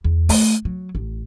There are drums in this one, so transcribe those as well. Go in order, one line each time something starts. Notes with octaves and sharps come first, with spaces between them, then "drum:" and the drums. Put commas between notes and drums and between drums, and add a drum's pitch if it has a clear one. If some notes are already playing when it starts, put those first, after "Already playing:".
E2
A3, drum: open hi-hat
F#3
A1